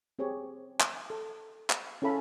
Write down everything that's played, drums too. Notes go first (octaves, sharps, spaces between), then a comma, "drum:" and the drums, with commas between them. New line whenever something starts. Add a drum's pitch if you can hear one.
C4 G4 G#4 C#5
drum: clap
A4
drum: clap
C#4 E4 A4 F5 B5